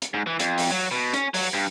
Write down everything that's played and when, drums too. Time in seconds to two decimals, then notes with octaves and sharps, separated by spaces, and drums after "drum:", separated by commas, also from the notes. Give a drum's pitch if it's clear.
0.02 drum: hi-hat
0.14 G#2
0.27 E3
0.40 F2, drum: hi-hat
0.58 drum: open hi-hat
0.71 F#3
0.91 B2
1.14 C#4, drum: hi-hat
1.34 F#3, drum: open hi-hat
1.54 G2